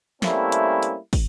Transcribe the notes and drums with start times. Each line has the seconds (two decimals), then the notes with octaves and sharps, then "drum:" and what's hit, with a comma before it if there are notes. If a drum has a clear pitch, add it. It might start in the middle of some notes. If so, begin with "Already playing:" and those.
0.22 G3 A3 A#3 C4 C#4 E4, drum: snare
0.52 drum: hi-hat
0.83 drum: hi-hat
1.13 drum: kick, open hi-hat